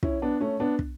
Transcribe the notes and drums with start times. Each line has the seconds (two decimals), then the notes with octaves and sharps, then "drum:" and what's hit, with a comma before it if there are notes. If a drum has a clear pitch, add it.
0.03 C#4 E4, drum: kick
0.22 B3 D4
0.41 A3 C#4
0.60 B3 D4
0.79 drum: kick